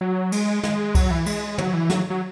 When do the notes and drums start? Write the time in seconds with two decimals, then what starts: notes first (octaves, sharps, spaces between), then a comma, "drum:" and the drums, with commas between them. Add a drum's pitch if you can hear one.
0.01 F#3
0.32 G#3, drum: cymbal
0.63 G#3, drum: snare
0.95 F#3, drum: kick C2, cymbal
1.11 E3
1.26 G#3, drum: cymbal
1.58 F#3, drum: tom
1.74 E3
1.90 F#3, drum: snare
2.10 F#3